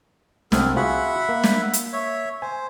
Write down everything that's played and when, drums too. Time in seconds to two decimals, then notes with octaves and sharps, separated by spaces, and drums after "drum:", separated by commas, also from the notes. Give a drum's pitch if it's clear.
0.52 C2 A3 B3 C4 A4 A#4, drum: snare
0.77 F4 F#4 G#4 E5 F#5 B5
1.29 A#3
1.44 drum: snare
1.73 drum: hi-hat
1.93 C#5 E5
2.42 C5 G#5